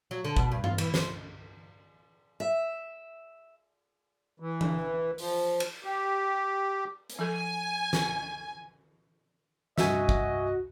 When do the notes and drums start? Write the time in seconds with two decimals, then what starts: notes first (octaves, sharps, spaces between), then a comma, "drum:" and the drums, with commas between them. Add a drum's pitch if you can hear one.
0.11 F#3
0.25 D3
0.37 B2, drum: kick
0.52 G2
0.64 F4, drum: tom G2
0.78 E3, drum: cymbal
0.94 C5, drum: snare
2.40 E5
4.40 E3
4.61 drum: tom E3
5.18 F3, drum: open hi-hat
5.60 drum: cymbal
5.84 G4
7.10 drum: hi-hat
7.19 F3 A4 G#5
7.93 drum: snare
9.78 G2 C3 F#4 D#5 E5 G#5, drum: snare
10.09 drum: kick